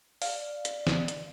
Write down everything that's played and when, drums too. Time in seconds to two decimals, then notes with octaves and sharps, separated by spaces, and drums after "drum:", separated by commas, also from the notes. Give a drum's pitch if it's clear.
0.22 D5 F5, drum: open hi-hat
0.65 drum: hi-hat
0.87 drum: snare
1.08 drum: hi-hat